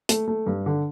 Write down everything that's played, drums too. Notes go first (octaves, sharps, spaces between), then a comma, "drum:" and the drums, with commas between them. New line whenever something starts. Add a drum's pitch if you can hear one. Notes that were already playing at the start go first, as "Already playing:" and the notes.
A3, drum: hi-hat
A3
G2
D3